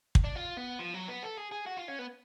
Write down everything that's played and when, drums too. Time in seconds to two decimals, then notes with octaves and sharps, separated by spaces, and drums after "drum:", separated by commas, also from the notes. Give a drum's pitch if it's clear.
0.15 drum: kick
0.24 D4
0.36 F4
0.57 B3
0.79 F3
0.94 F#3
1.08 B3
1.23 A4
1.37 G#4
1.51 G#4
1.66 F#4
1.77 F4
1.88 C#4
1.99 B3